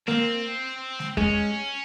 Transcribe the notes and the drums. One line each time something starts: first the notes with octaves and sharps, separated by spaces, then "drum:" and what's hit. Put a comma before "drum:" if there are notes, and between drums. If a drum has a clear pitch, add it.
A#3 C4, drum: snare G#3
drum: snare G#3
G#3 C#4, drum: kick E2